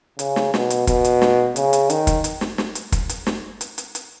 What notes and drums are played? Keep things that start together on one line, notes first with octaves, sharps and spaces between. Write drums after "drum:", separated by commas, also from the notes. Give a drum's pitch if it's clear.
C#3, drum: hi-hat
drum: snare
B2, drum: snare
drum: hi-hat
B2, drum: kick, hi-hat
drum: hi-hat
drum: snare
C#3, drum: hi-hat
drum: hi-hat
D#3, drum: hi-hat
drum: kick, hi-hat
drum: hi-hat
drum: snare
drum: snare
drum: hi-hat
drum: kick, hi-hat
drum: hi-hat
drum: snare
drum: hi-hat
drum: hi-hat
drum: hi-hat